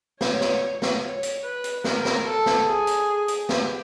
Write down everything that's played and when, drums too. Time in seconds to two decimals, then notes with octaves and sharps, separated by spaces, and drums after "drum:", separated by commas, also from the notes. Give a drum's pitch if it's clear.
0.21 C#5, drum: snare
0.41 drum: snare
0.82 drum: snare
1.03 C#5
1.23 drum: hi-hat
1.44 B4
1.64 drum: hi-hat
1.84 A#4, drum: snare
2.05 drum: snare
2.25 A4
2.46 drum: snare
2.67 G#4
2.87 drum: hi-hat
3.28 drum: hi-hat
3.49 G4, drum: snare